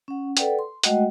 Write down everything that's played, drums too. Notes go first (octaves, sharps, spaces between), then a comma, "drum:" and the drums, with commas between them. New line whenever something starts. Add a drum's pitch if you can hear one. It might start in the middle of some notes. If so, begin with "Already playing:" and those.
C#4 F#5
A4 B4 D5 F#5 G5, drum: hi-hat
C6
G#3 A3 F#4 D#5 F#5 G5, drum: hi-hat